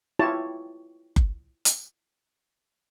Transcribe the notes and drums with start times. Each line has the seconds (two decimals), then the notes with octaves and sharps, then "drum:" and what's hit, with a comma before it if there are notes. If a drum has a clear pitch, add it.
0.19 E4 F4 G4 C#5 A5
1.16 drum: kick F#1
1.65 drum: hi-hat